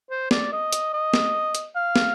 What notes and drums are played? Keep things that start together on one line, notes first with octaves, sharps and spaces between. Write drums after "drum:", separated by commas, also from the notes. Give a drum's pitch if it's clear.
C5
D5, drum: snare
D#5
drum: hi-hat
D#5
drum: snare
drum: hi-hat
F5
drum: snare